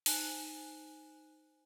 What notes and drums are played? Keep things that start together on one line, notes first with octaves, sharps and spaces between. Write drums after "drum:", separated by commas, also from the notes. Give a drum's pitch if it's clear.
D#4 C5 G#5 F#6 E7, drum: open hi-hat